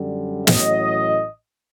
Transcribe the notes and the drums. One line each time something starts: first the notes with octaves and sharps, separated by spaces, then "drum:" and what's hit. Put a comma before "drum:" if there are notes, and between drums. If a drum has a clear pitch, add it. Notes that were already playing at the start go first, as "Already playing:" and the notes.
Already playing: F#2 D3 G3
A1 A2 F#3 D#5, drum: snare